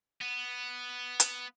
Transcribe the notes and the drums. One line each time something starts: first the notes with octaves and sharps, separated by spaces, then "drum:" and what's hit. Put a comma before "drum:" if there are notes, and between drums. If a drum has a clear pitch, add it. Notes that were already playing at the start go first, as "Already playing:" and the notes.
B3
drum: hi-hat